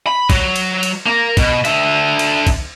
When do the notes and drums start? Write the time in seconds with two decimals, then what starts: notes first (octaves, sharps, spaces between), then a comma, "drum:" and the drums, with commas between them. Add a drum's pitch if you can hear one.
0.06 B5
0.30 F#3, drum: kick, cymbal
0.56 drum: cymbal
0.83 drum: cymbal
1.06 A#3 A#4
1.37 B2, drum: kick, cymbal
1.65 D3 E5, drum: cymbal
2.19 drum: cymbal
2.47 drum: kick, cymbal